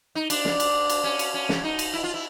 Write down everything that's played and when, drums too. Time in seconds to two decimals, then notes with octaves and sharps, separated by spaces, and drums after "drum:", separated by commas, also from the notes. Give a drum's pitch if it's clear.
0.15 D#4
0.30 D4, drum: cymbal
0.45 drum: snare
0.60 drum: cymbal
0.90 drum: cymbal
1.04 C#4
1.19 drum: cymbal
1.34 C#4
1.49 drum: snare
1.64 D#4
1.79 drum: cymbal
1.94 E4
2.04 F4
2.14 E4